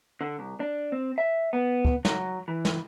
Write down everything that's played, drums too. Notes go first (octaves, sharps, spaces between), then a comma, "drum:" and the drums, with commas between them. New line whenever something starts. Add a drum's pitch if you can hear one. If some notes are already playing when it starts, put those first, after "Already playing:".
D3
C2
D4
C4
E5
B3
drum: kick
F#3, drum: snare
E3
drum: snare